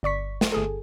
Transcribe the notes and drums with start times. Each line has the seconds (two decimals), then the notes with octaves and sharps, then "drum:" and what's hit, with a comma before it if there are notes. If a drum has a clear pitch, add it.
0.03 G1 D5 C#6 B6
0.41 drum: snare
0.52 G1 G#4 A4